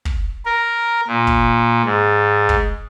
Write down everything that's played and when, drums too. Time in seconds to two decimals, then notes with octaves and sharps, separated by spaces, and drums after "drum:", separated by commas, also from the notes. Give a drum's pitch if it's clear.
0.05 drum: kick
0.46 A#4
1.07 A#2
1.27 drum: kick
1.85 G#2
2.49 drum: kick